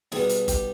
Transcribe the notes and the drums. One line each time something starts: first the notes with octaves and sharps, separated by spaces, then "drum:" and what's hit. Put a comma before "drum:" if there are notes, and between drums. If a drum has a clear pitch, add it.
B1 B2 G3 B3 G#4, drum: snare
drum: hi-hat
G4, drum: kick G1, hi-hat